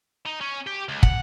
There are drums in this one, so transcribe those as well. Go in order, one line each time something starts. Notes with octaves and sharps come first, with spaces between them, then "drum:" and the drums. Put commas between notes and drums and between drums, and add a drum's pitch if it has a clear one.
D#4
C#4
G4
C#2
F#5, drum: kick